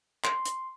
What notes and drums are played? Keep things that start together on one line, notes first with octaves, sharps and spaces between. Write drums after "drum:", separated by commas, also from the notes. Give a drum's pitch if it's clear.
C6, drum: clap
drum: hi-hat